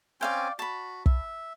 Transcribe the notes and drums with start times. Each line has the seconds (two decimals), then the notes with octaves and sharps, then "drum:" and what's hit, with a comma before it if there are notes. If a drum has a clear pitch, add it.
0.21 C4 C#4 D5 F5 G5 G#5
0.59 F#4 A5 B5
1.06 E5, drum: kick